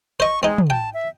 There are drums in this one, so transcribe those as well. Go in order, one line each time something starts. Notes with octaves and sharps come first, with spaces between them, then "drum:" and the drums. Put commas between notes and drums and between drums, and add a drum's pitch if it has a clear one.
C5 D#5 C#6
G#3 C4 D#4
drum: tom
G5 A5
E5